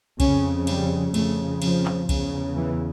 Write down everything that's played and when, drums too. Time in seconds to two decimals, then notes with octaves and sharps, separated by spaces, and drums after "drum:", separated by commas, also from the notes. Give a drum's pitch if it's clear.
0.20 F2 C#3 C#4, drum: kick C2, cymbal
0.67 G3, drum: cymbal
1.14 F2 C#3 A3, drum: cymbal
1.62 F3, drum: cymbal
1.85 drum: clap
2.09 E2 C#3, drum: kick C2, cymbal
2.57 E3